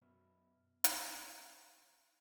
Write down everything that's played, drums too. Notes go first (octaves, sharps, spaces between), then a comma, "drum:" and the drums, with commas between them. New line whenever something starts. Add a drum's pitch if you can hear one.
F#2 B2 B3 E5 B5 F6
G#5 C6 C#6 D#6 G6, drum: hi-hat